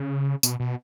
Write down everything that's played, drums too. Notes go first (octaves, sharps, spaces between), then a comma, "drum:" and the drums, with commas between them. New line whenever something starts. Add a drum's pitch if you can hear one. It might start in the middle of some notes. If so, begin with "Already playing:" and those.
Already playing: C#3
B2, drum: tambourine
B2